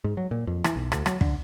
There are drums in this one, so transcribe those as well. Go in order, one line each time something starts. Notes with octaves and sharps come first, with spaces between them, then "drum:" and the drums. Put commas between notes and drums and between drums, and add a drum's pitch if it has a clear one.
G#2
F#3
A#2
F2
E3, drum: rim click
B1
D2, drum: rim click
F#3, drum: rim click
D3, drum: kick